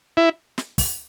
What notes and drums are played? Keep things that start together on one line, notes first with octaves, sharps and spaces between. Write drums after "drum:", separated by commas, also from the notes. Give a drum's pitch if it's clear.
E4
drum: snare
drum: kick, open hi-hat